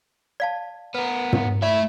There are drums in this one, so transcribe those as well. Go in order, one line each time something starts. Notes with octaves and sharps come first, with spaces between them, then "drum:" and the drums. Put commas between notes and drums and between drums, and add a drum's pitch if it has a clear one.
D5 F5 A5
B3 A#4 B4
drum: tom
A3 E4 D5 E5